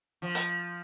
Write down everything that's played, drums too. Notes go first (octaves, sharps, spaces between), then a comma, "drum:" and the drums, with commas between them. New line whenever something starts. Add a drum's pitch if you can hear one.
F3
drum: hi-hat